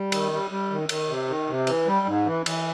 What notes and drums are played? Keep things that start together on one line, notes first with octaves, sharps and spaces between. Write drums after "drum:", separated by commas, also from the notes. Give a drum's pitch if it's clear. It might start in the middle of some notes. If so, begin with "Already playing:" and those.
Already playing: G3
D#3, drum: cymbal
G3
G3
D#3
D#3, drum: cymbal
C3
D#3
C3
E3, drum: cymbal
G3
G#2
E3
E3, drum: cymbal